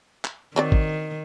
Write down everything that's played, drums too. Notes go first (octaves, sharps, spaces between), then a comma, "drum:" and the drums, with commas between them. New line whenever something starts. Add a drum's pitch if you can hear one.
drum: clap
D#3 F#3 C4 D5
drum: kick